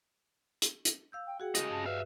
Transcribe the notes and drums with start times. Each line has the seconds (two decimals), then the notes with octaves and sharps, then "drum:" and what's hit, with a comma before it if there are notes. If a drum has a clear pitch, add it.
0.62 drum: hi-hat
0.85 drum: hi-hat
1.12 F5 E6 G6
1.26 G5
1.40 F#4 G#4 F#5 G5
1.55 C#3 D#5, drum: hi-hat
1.70 G2 A5
1.86 B4 E5 F5